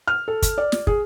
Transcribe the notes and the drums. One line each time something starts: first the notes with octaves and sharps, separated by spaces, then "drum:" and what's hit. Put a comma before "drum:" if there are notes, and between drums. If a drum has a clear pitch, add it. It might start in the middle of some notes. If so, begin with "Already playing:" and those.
F6
A4
drum: kick, hi-hat
D5
drum: snare
G#4, drum: kick